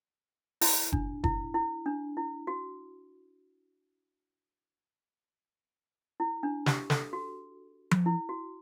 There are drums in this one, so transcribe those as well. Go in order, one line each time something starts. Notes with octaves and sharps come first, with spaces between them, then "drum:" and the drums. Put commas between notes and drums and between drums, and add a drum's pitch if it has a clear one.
E4, drum: open hi-hat
D4, drum: kick F#1
E4, drum: kick F#1
E4
D4
E4
F#4
E4
D4
G4, drum: snare
A4, drum: snare
F#4
drum: tom F3
E4
F#4